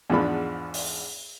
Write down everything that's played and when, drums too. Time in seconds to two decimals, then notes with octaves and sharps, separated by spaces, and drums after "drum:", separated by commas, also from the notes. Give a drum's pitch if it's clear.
0.10 E2 G#2 F3 B3 D4 B5
0.74 drum: open hi-hat